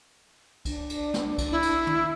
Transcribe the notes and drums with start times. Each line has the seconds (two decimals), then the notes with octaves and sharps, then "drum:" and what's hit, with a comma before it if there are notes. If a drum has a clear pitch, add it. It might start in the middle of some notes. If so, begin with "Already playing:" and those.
0.65 D4, drum: kick, cymbal
0.90 drum: cymbal
1.14 drum: snare
1.38 drum: kick, cymbal
1.51 E4
1.62 drum: cymbal
1.87 drum: tom